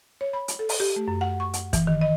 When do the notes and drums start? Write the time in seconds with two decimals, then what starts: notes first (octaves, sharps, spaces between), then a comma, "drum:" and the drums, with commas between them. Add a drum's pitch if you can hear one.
0.21 C#5
0.33 B5
0.48 drum: hi-hat
0.59 A4
0.69 drum: open hi-hat
0.80 G4
0.96 A3
1.08 F#2
1.21 F#5
1.40 C#6
1.53 F#5, drum: hi-hat
1.73 E3, drum: kick, hi-hat
1.87 D#3
2.01 D#5